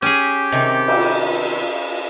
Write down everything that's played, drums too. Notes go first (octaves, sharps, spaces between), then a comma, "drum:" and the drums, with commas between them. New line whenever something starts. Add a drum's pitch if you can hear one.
C#4 G4 G#4
C3 D#3
drum: cymbal